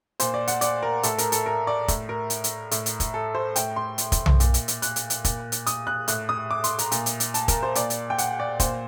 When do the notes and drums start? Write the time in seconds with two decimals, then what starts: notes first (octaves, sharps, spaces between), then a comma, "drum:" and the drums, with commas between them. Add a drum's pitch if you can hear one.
0.20 A#2 C5, drum: hi-hat
0.34 D5
0.48 F#5, drum: hi-hat
0.61 D5, drum: hi-hat
0.83 A#4
1.03 A2 A4, drum: hi-hat
1.18 A#4, drum: hi-hat
1.32 A4, drum: hi-hat
1.46 A#4
1.67 D5
1.88 A2, drum: kick, hi-hat
2.09 A#4
2.30 drum: hi-hat
2.44 drum: hi-hat
2.71 A2, drum: hi-hat
2.86 drum: hi-hat
3.00 drum: kick, hi-hat
3.14 A4
3.35 C5
3.56 A2 G5, drum: hi-hat
3.76 C6
3.98 drum: hi-hat
4.12 drum: kick, hi-hat
4.26 drum: tom B1
4.40 A#2, drum: hi-hat
4.54 drum: hi-hat
4.68 drum: hi-hat
4.82 F#6, drum: hi-hat
4.96 drum: hi-hat
5.10 drum: hi-hat
5.25 A#2, drum: kick, hi-hat
5.52 drum: hi-hat
5.67 D#6, drum: hi-hat
5.87 F#6
6.08 A2 F#6, drum: hi-hat
6.29 D#6
6.51 D6
6.64 C6, drum: hi-hat
6.79 A#5, drum: hi-hat
6.92 A#2, drum: hi-hat
7.06 drum: hi-hat
7.20 drum: hi-hat
7.34 A5, drum: hi-hat
7.48 A#4, drum: kick, hi-hat
7.63 C5
7.75 A#2 D5, drum: hi-hat
7.90 drum: hi-hat
8.10 G5
8.18 F#5, drum: hi-hat
8.40 D5
8.60 A#2 C5, drum: kick, hi-hat